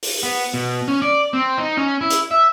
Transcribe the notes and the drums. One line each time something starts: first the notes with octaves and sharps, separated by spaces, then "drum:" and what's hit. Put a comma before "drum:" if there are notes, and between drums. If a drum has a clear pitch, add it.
drum: open hi-hat
B3
B2
C#4
D5
C4
D#4
C#4
E4
drum: hi-hat
E5